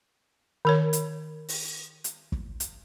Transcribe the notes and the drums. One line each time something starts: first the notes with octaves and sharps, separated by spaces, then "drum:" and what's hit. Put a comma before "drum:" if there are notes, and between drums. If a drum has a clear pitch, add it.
D#3 A#4 C#5
drum: hi-hat
drum: open hi-hat
drum: hi-hat
drum: kick
drum: hi-hat